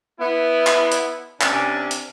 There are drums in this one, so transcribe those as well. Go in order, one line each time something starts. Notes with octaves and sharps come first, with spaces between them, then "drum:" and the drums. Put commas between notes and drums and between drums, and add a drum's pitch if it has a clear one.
B3 E4
drum: clap
drum: hi-hat
C3 C#4 D4, drum: clap
drum: hi-hat